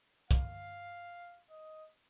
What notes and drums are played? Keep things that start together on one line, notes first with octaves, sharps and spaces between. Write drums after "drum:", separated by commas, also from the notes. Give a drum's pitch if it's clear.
F5, drum: kick
D#5